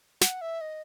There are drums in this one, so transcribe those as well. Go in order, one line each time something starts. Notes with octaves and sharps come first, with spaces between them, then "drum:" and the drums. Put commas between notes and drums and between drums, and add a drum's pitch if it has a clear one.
F#5, drum: snare
E5
D#5